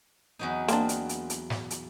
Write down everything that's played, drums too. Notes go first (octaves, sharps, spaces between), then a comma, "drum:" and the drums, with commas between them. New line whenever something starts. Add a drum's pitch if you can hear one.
E2 F#3 D#4
A#3 C4 D4, drum: hi-hat
drum: hi-hat
drum: hi-hat
drum: hi-hat
drum: snare
drum: hi-hat